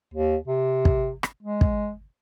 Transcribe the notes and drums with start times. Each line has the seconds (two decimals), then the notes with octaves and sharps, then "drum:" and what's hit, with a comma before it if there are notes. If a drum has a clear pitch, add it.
0.14 D#2
0.47 C3
0.85 drum: kick
1.23 drum: rim click
1.43 G#3
1.61 drum: kick